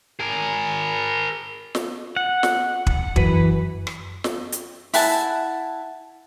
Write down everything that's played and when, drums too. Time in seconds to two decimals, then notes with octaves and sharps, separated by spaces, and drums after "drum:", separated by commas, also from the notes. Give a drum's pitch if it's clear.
0.20 G#4 A#4
1.75 drum: snare
2.16 F#5
2.43 drum: snare
2.87 drum: kick
3.16 F#2 E3 B4, drum: kick
3.87 drum: rim click
4.24 drum: snare
4.52 drum: hi-hat
4.94 E4 F#5 G#5 A5, drum: open hi-hat